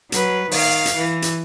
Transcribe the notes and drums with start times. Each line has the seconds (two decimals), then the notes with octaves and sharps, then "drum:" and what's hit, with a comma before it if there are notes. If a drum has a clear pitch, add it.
0.12 F#3 B4, drum: hi-hat
0.51 D#3 F5, drum: open hi-hat
0.86 drum: hi-hat
0.95 E3
1.22 drum: hi-hat